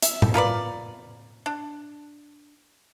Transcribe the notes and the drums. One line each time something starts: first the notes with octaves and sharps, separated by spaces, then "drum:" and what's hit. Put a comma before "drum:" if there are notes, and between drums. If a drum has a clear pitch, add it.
E5, drum: hi-hat
drum: tom A2
F4 A#4 B4 D5
D4